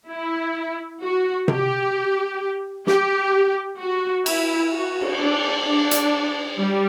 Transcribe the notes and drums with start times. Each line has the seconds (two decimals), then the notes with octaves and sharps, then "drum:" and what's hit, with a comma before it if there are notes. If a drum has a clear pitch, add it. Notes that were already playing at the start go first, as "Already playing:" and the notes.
0.09 E4
1.02 F#4
1.48 G4, drum: tom C3
2.87 G4, drum: snare
3.79 F#4
4.26 E4, drum: cymbal
4.72 F#4
5.01 drum: cymbal
5.18 D4
5.64 D4
5.91 drum: hi-hat
6.57 G3